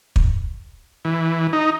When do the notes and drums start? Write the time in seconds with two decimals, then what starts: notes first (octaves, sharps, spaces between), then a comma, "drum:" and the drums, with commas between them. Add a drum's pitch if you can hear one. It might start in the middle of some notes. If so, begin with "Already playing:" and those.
0.16 drum: kick
1.05 E3
1.53 D#4